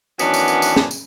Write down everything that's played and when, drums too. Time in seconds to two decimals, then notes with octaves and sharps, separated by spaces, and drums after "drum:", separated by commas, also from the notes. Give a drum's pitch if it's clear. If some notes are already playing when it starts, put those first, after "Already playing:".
0.19 D#3 E3 F#3 B3 C#4 D4, drum: tambourine
0.34 drum: tambourine
0.48 drum: tambourine
0.62 drum: tambourine
0.76 drum: snare
0.91 drum: tambourine